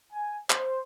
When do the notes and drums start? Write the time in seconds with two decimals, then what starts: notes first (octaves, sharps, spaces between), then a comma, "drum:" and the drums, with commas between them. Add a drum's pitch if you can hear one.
0.13 G#5
0.50 C5, drum: clap